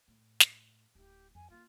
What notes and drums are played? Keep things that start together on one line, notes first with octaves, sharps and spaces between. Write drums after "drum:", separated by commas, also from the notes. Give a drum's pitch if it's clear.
A2
drum: snare
D1 E4 G4
F2 G#5
A#3 C#4 F4